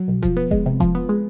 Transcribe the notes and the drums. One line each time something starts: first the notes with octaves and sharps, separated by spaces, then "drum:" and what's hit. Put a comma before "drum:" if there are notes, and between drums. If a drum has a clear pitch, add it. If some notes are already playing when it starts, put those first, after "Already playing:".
Already playing: F#3
B1
F3, drum: kick E1, hi-hat
B3
G#3, drum: kick E1
C3
F3, drum: kick E1, hi-hat
B3
G#3